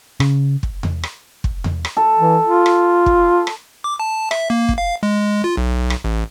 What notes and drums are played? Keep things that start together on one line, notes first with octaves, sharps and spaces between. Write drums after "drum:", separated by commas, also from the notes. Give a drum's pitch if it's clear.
C#3, drum: rim click
drum: kick
drum: tom E2
drum: rim click
drum: kick
drum: tom E2
drum: rim click
A4
E3
F4
drum: rim click
drum: kick
drum: rim click
D6
A5
E5, drum: rim click
A#3
drum: kick
F5
G#3
F4
B1
drum: rim click
A1